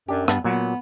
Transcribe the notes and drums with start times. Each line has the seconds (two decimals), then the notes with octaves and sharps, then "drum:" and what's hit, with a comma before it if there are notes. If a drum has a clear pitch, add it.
0.08 F#2 D4 G4
0.28 G2 B3 A5, drum: rim click
0.44 A#2 F#3 B3